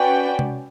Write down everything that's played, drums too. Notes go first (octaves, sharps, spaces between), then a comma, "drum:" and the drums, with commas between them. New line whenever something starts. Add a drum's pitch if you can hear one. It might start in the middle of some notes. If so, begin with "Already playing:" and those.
Already playing: C#4 F#4 B4 D5 G5
drum: tom C3